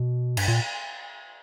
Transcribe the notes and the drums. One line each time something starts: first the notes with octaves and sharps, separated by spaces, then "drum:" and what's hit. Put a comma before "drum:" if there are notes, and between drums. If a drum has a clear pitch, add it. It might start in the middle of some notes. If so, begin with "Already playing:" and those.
Already playing: B2
G2, drum: cymbal
A#2